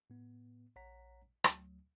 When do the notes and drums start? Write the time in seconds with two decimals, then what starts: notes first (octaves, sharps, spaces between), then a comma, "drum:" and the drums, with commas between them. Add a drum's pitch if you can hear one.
0.10 A2 B3
0.76 A#1 C#5 F#5 A#5 B6
1.44 D2 F#3 A3, drum: rim click